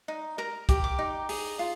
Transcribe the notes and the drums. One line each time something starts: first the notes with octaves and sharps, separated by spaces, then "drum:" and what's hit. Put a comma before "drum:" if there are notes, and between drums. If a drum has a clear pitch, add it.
D#4
A#4 A#5
G4, drum: kick, hi-hat
D6
D#4
G#4, drum: open hi-hat
F4